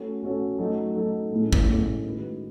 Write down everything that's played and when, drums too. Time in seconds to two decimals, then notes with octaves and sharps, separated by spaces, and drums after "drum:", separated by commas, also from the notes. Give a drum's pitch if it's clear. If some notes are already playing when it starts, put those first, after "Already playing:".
Already playing: A3 C#4 F#4 A4 C#5
0.23 A3 C#4 F#4 A4 C#5
0.58 F#3 A3 D#4 A4
0.95 F#3 A3 D#4 A4
1.31 A2 G#3 C#4 E4 A4
1.53 drum: kick
1.68 A2 G#3 C#4 E4 A4
2.04 D#3 G#3 D#4 F#4 B4